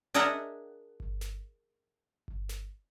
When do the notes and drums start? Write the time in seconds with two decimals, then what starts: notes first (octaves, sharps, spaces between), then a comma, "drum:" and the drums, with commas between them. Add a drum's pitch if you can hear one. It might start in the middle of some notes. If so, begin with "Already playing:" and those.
0.14 D4 G#4 A#4 D#5 E5 F#5
1.00 drum: kick G1
1.21 drum: snare
2.28 drum: kick G1
2.49 drum: snare